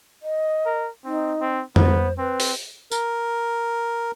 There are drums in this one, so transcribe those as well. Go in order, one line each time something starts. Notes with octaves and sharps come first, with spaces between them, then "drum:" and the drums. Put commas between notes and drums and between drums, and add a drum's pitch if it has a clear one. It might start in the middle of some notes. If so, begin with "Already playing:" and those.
D#5
A#4
C4 D#4
C4
B3 C5, drum: tom F2
C4 B4
drum: open hi-hat
A#4, drum: tambourine